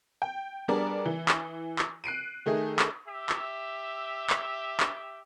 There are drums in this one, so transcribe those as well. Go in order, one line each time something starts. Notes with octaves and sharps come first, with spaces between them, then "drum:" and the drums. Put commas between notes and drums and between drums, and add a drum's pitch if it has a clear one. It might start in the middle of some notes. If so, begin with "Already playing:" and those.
G5
G3 B3 D4 G#4 A#4 D5
E3
drum: clap
drum: clap
F#6 C7 D7 D#7
D#3 A3 D#4 G#4
drum: clap
G4 E5
drum: clap
drum: clap
drum: clap